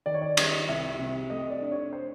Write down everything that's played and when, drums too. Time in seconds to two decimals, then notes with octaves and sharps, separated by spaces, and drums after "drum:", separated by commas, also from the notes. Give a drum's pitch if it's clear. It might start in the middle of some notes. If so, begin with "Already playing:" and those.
0.06 D#3 D5
0.14 C#5
0.22 D5
0.37 G3 D#5, drum: cymbal
0.69 C2 E5
0.99 C3
1.30 A3 D#5
1.50 D5
1.62 D4 D5
1.72 C#5
1.92 C5